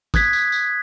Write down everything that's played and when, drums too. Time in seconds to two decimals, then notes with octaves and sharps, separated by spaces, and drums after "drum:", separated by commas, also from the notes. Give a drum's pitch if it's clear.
0.14 D#6 F#6 G#6 B6, drum: kick, tambourine
0.33 drum: tambourine
0.52 drum: tambourine